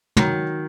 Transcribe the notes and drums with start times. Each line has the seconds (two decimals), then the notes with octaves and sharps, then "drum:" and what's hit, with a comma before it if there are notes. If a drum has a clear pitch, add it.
0.17 D#3 F#3, drum: tom